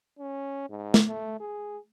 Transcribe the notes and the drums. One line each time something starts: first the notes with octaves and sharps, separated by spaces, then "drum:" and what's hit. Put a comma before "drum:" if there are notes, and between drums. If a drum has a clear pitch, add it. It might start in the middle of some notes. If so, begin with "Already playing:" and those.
C#4
G#2
drum: snare
A3
G#4